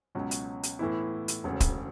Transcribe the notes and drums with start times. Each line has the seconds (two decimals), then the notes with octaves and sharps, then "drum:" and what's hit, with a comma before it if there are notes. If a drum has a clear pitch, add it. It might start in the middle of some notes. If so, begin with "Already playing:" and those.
0.15 C#2 B2 F#3 C#4
0.31 drum: hi-hat
0.63 drum: hi-hat
0.79 A2 E3 B3 E4
1.28 drum: hi-hat
1.44 E1 D2 C#3
1.60 drum: kick, hi-hat